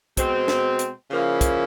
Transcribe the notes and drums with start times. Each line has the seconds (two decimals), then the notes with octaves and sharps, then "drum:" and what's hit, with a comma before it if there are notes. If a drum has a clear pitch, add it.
0.17 B2 G#3 C4, drum: kick, hi-hat
0.48 drum: snare
0.79 drum: hi-hat
1.11 C#3 F3 A#3 C#4 E4
1.41 drum: kick, hi-hat